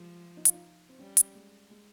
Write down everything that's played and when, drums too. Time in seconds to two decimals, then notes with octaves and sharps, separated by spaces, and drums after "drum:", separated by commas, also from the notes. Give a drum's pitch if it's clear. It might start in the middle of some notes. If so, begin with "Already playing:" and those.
Already playing: F3 G3 G#3
0.37 D#4
0.45 F4, drum: hi-hat
0.54 D#4
0.89 C4
0.99 G3 C#4
1.17 drum: hi-hat
1.35 G#3
1.71 G#3